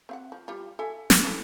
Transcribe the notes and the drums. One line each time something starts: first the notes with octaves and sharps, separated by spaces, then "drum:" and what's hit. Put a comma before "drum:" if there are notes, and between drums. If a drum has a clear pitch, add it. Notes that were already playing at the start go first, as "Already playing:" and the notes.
C4 F5 F#5
F3
G3 F4
A4 E5 G#5
drum: snare
E3 A3